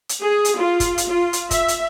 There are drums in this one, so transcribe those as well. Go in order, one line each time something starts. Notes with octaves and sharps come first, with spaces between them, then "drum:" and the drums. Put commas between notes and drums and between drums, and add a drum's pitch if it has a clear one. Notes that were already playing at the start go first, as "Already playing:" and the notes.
drum: hi-hat
G#4
drum: hi-hat
F4
drum: kick, hi-hat
drum: hi-hat
F4
drum: hi-hat
E5, drum: kick, hi-hat
drum: hi-hat